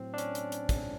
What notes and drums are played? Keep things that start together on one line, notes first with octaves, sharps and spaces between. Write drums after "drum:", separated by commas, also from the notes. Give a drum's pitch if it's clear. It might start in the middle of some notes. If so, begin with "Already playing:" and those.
Already playing: A2 F#3 C4
D4
C#4, drum: hi-hat
drum: hi-hat
drum: hi-hat
drum: kick, hi-hat